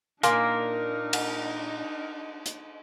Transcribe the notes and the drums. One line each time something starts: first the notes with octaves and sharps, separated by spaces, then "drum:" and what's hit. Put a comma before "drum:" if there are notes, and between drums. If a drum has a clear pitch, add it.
A#2 A#3 D4 D#4 A#4 F5 G#5 C6, drum: hi-hat
drum: cymbal
drum: hi-hat